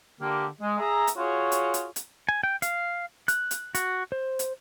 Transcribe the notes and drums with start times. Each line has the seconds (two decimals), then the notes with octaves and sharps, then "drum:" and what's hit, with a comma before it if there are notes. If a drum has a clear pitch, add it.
0.21 D3 A#3 G4
0.62 G#3
0.79 G#4 E5 A#5
1.07 drum: hi-hat
1.17 F4 F#4 G#4 C#5
1.52 drum: hi-hat
1.74 drum: hi-hat
1.96 drum: hi-hat
2.29 G#5
2.43 G5
2.62 F5, drum: hi-hat
3.28 F#6, drum: hi-hat
3.51 drum: hi-hat
3.75 F#4, drum: hi-hat
4.12 C5
4.39 drum: hi-hat